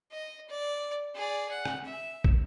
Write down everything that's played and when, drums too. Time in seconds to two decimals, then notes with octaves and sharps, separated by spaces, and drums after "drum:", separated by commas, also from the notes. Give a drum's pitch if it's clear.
0.11 D#5
0.49 D5
1.15 G#4 D5
1.51 F#5
1.65 drum: rim click
1.85 E5
2.24 drum: kick